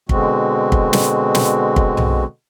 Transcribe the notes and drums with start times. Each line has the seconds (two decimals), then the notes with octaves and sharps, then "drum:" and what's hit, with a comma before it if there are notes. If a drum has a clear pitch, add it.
0.09 B2 D3 G#3 C4 F#4, drum: kick
0.72 drum: kick
0.93 drum: snare
1.35 drum: snare
1.76 drum: kick
1.97 drum: tom B1